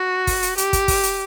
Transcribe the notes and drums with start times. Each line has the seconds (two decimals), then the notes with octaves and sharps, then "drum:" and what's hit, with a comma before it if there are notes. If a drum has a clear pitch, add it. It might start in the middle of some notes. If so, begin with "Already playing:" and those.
Already playing: F#4
0.27 drum: kick, open hi-hat
0.42 drum: hi-hat
0.58 G4, drum: hi-hat
0.73 drum: kick, hi-hat
0.88 drum: kick, open hi-hat
1.03 drum: hi-hat